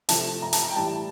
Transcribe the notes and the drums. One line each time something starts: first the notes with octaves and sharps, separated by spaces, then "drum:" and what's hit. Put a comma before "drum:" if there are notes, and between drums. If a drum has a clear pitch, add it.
C3 F3 A3 A5, drum: hi-hat
A#5
A5, drum: hi-hat
A#5
G5
A2 E3 G3 A5